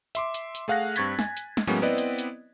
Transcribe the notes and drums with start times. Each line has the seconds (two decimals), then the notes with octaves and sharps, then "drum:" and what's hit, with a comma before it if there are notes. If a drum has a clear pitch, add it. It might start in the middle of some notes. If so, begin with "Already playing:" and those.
0.15 E5 C6 D6, drum: hi-hat
0.34 drum: hi-hat
0.55 drum: hi-hat
0.68 A3 G#4 F5 F#5 F#6 A#6
0.96 G2 C4 C#6 G#6 A6 B6, drum: hi-hat
1.19 G#5, drum: snare
1.37 drum: hi-hat
1.57 drum: snare
1.67 A2 F#3 G#3 A#3 B3 C#4
1.82 B3 C4 E4 B4 D5 D#5
1.98 drum: hi-hat
2.19 drum: hi-hat